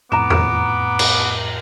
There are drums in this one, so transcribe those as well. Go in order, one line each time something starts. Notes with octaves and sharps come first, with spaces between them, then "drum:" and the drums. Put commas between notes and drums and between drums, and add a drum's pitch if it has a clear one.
F2 A2 B3 A#5 D6 E7
drum: tom E2
drum: cymbal